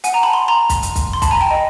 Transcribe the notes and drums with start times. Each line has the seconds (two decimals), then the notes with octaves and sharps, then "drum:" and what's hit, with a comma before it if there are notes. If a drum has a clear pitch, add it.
0.04 F#5 G#5, drum: hi-hat
0.14 G#5 A#5
0.23 A5 B5
0.33 C6
0.48 A#5 C6
0.69 drum: kick, hi-hat
0.83 drum: hi-hat
0.96 drum: kick, hi-hat
1.13 C6
1.22 A5 B5, drum: kick, hi-hat
1.31 G#5 A#5
1.41 G5 A5
1.51 D#5